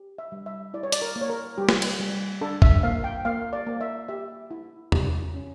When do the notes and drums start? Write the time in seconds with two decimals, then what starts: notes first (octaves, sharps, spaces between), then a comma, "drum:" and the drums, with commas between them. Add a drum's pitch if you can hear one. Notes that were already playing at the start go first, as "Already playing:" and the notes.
Already playing: G4
0.18 E5
0.32 G3
0.46 E5
0.74 E4 D5
0.83 C#5
0.92 D5, drum: hi-hat
1.02 A#4
1.16 A#3
1.21 C#5
1.30 A#4
1.58 G3 G4
1.69 drum: snare
1.82 drum: cymbal
2.00 G3
2.41 D4 A4
2.62 E5, drum: kick
2.83 A#3 F5
3.04 G5
3.25 A#3 F5
3.53 D5
3.66 A#3
3.81 E5
4.09 G4 E5
4.51 E4
4.92 G4, drum: tom E2
5.34 C#4